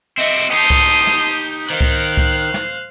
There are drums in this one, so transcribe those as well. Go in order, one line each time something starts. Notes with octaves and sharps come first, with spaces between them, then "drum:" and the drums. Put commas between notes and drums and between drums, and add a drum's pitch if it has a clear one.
C4 F#4 D#5 E5
D#4 G4 A5 C6 D#6
drum: kick C2
drum: snare
D#3 C5 F5 F#6
drum: kick C2
drum: kick C2
drum: snare